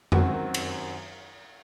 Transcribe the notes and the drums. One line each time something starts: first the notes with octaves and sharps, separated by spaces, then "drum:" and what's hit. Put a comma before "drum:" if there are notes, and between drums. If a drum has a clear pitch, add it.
F#2 D#3 F#3 C4 F#4, drum: tom F2
drum: cymbal